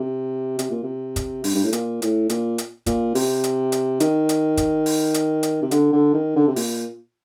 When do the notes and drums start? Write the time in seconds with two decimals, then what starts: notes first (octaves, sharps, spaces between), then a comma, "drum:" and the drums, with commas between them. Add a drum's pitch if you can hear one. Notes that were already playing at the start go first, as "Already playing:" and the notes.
Already playing: C3
0.59 C3, drum: hi-hat
0.71 A#2
0.83 C3
1.16 drum: kick, hi-hat
1.44 G2, drum: open hi-hat
1.55 G2
1.64 A2
1.73 A#2, drum: hi-hat
2.02 A2, drum: hi-hat
2.29 A#2, drum: hi-hat
2.58 drum: hi-hat
2.86 A#2, drum: kick, hi-hat
3.15 C3, drum: open hi-hat
3.44 drum: hi-hat
3.72 drum: hi-hat
4.00 D#3, drum: hi-hat
4.29 drum: hi-hat
4.57 drum: kick, hi-hat
4.86 drum: open hi-hat
5.14 drum: hi-hat
5.43 drum: hi-hat
5.62 C3
5.71 D3, drum: hi-hat
5.93 D3
6.14 D#3
6.36 D3
6.48 C3
6.56 A#2, drum: open hi-hat